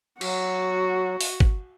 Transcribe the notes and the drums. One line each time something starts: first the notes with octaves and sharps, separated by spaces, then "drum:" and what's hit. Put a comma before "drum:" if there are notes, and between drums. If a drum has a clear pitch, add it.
F#3 F#4, drum: cymbal
drum: open hi-hat
drum: kick